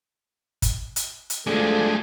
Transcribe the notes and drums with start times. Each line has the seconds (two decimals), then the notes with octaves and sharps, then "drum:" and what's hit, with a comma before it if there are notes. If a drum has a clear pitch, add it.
0.62 drum: kick, hi-hat
0.96 drum: hi-hat
1.30 drum: hi-hat
1.47 D2 F3 G#3 A3 D4 G#4 A4